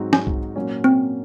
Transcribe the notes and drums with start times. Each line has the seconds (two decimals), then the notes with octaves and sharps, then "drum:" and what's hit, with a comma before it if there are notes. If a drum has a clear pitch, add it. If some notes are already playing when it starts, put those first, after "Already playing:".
Already playing: G#2 F#3 C4 D#4 F#4
0.13 C#4, drum: snare
0.27 drum: kick B1
0.56 A#2 F#3 A#3 C#4
0.84 C4